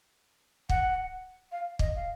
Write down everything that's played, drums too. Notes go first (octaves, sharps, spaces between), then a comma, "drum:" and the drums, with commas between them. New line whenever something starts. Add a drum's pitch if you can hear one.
F#5, drum: kick
F5
D#5, drum: kick
F5